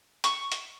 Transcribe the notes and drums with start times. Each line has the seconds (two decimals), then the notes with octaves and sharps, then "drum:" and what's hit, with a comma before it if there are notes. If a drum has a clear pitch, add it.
0.24 C#6, drum: hi-hat
0.52 drum: hi-hat